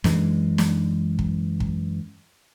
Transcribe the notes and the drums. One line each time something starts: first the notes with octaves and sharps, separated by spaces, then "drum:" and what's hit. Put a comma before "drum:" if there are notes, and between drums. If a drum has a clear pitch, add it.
F#2 E3 G#3, drum: snare
drum: snare
drum: kick
drum: kick